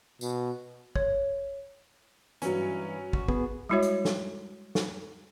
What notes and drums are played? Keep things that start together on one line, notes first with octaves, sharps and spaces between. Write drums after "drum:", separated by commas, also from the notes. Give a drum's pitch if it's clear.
B2, drum: tambourine
C#5, drum: kick
G2 E3 F#3 C#4, drum: hi-hat
F#4, drum: kick
B3 G#4, drum: kick
G3 G#3 E4 F#4 C#5 E5
drum: hi-hat
drum: snare
drum: snare